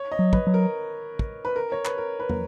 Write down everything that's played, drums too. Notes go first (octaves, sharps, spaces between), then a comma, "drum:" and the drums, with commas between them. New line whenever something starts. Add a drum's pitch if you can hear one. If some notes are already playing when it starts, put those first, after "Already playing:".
Already playing: C#5
D#5
F#3
B4, drum: kick
F#3
A#4
drum: kick
B4
A#4
C#5
B4, drum: clap
A#4
B4
A#4, drum: tom